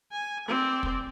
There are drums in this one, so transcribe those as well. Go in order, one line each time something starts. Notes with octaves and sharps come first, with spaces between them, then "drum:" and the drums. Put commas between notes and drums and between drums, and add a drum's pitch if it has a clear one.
G#5
C4 D5
drum: kick